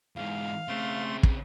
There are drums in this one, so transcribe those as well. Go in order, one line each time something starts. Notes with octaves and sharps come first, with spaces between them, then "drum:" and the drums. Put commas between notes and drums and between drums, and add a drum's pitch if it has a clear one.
E2 G#2 F5
C#3 A3 C4 C6
drum: kick